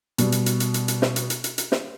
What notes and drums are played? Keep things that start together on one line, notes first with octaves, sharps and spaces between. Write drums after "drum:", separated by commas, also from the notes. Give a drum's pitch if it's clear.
B2 G3, drum: hi-hat
drum: hi-hat
drum: hi-hat
drum: hi-hat
drum: hi-hat
drum: hi-hat
drum: snare
drum: hi-hat
drum: hi-hat
drum: hi-hat
drum: hi-hat
drum: snare